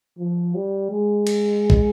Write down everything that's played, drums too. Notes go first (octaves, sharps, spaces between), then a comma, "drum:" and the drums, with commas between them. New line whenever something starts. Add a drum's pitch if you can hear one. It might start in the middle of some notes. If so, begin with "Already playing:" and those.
F3
G3
G#3
drum: cymbal
drum: kick